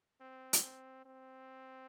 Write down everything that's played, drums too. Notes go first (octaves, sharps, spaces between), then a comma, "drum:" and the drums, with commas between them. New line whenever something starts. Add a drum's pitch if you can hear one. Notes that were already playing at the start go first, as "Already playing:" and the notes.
C4
drum: hi-hat
C4
C4